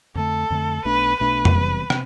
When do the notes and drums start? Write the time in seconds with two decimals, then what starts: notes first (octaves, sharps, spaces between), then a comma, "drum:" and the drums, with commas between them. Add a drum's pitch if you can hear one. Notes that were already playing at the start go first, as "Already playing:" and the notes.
0.15 F2 D3 A3 A4
0.50 F2 D3 A3
0.85 B1 B2 A3 D4 B4
1.20 B1 B2 A3 D4 B4
1.45 drum: tom F2
1.54 E1 E2 C3 G3
1.90 C3, drum: rim click